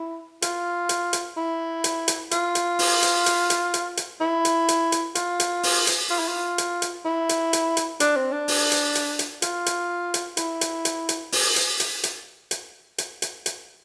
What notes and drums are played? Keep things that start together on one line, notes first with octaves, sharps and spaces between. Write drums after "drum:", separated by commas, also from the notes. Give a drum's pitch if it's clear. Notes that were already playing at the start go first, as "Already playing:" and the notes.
Already playing: E4
F4, drum: hi-hat
drum: hi-hat
drum: hi-hat
E4
drum: hi-hat
drum: hi-hat
F4, drum: hi-hat
drum: hi-hat
drum: open hi-hat
drum: hi-hat
drum: hi-hat
drum: hi-hat
drum: hi-hat
drum: hi-hat
E4
drum: hi-hat
drum: hi-hat
drum: hi-hat
F4, drum: hi-hat
drum: hi-hat
drum: open hi-hat
drum: hi-hat
F4
E4
F4
drum: hi-hat
drum: hi-hat
E4
drum: hi-hat
drum: hi-hat
drum: hi-hat
D4, drum: hi-hat
C4
D4
drum: open hi-hat
drum: hi-hat
drum: hi-hat
drum: hi-hat
F4, drum: hi-hat
drum: hi-hat
drum: hi-hat
E4, drum: hi-hat
drum: hi-hat
drum: hi-hat
drum: hi-hat
drum: open hi-hat
drum: hi-hat
drum: hi-hat
drum: hi-hat
drum: hi-hat
drum: hi-hat
drum: hi-hat
drum: hi-hat